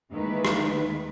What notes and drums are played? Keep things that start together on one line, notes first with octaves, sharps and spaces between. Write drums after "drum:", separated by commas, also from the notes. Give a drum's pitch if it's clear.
D#2 D#3 E3 G#3 A3 B4
drum: rim click